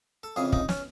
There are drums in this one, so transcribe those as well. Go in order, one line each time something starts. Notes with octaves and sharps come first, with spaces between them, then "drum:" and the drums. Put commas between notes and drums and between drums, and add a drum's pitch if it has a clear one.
A4
F2 C#3 E3 G#4
D#4, drum: kick
C#4, drum: snare